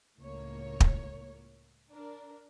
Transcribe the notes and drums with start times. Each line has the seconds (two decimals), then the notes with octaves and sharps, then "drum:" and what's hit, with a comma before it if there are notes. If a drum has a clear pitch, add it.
0.18 C#2 A2 A#3 C#5
0.80 drum: kick
1.92 D4 A#4